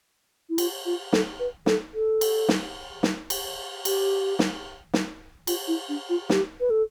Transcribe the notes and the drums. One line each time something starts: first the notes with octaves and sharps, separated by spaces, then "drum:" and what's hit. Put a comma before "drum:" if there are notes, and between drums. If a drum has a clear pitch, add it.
E4
F4, drum: cymbal
F4
A4, drum: snare
B4
A4, drum: snare
A4
drum: cymbal
drum: snare
drum: snare
drum: cymbal
G4, drum: cymbal
drum: snare
drum: snare
F4, drum: cymbal
E4
D4
F4
G4, drum: snare
B4
A4